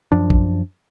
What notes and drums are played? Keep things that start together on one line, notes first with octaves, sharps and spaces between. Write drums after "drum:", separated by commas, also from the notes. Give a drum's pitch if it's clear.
F#2 F3 D4
drum: kick A#1